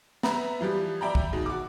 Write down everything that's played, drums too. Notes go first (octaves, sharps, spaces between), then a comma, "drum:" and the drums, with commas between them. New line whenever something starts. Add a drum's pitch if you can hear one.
B3 B4 E5 A#5 B5, drum: snare
E3 F3 G3 G4
D5 E5 G5 A#5 B5
drum: kick
B2 D#3 G#3
F#4 D6